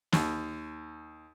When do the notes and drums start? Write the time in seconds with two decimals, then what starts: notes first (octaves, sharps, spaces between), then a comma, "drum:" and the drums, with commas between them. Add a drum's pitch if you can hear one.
0.12 D#2, drum: snare